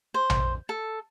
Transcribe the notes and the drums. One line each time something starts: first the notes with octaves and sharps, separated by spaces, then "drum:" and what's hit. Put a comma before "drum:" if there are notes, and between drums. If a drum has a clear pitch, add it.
C5
drum: tom A#1
A4